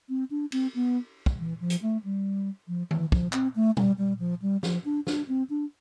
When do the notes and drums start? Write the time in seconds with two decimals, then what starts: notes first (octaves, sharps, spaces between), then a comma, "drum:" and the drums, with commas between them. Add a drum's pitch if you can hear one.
0.09 C4
0.30 D4
0.52 C4, drum: cymbal
0.75 B3
1.26 drum: kick
1.39 E3
1.60 F3
1.70 drum: hi-hat
1.82 A3
2.04 G3
2.68 F3
2.91 E3, drum: tom D#3
3.12 F3, drum: kick
3.33 C4, drum: clap
3.56 A3
3.77 G3, drum: tom A#2
3.98 G3
4.19 F3
4.42 G3
4.63 F3, drum: snare
4.85 D4
5.07 D4, drum: snare
5.28 C4
5.50 D4